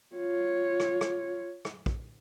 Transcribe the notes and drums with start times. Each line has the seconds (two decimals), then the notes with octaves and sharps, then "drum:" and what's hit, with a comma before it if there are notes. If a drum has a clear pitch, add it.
0.16 F4 C#5
0.80 drum: rim click
1.01 drum: rim click
1.65 drum: rim click
1.86 drum: kick